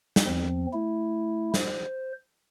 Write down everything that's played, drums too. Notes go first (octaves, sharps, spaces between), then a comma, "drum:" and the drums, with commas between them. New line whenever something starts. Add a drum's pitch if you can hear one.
drum: snare
E2 F3 C4
A3 E4
C5, drum: snare